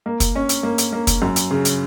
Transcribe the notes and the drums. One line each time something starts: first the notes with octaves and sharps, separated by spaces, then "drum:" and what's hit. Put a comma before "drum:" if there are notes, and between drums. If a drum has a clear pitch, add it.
A#3
drum: kick, hi-hat
C#4
drum: hi-hat
A#3
drum: hi-hat
A#3
drum: kick, hi-hat
F#2
drum: hi-hat
C#3
drum: hi-hat